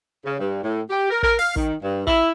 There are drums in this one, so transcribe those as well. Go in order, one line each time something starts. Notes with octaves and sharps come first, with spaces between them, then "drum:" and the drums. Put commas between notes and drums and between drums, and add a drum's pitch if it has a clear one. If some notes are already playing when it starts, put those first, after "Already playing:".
C#3
G2
A2
G4
A#4
A#4, drum: kick
F5, drum: open hi-hat
D#3, drum: kick
G2
E4, drum: kick